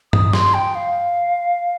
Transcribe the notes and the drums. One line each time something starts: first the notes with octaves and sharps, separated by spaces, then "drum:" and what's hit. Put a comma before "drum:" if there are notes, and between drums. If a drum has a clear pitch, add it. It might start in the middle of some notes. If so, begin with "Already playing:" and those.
D#6, drum: tom G2
C6, drum: snare
G5
F5